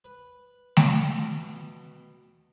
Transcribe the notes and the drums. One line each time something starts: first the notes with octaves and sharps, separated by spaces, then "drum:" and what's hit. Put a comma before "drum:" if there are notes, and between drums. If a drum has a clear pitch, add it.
B4
drum: snare A3
B2